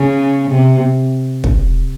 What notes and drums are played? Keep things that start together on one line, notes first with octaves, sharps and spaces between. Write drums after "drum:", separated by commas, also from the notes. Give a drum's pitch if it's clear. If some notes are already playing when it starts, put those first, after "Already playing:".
Already playing: C#3
C3
drum: kick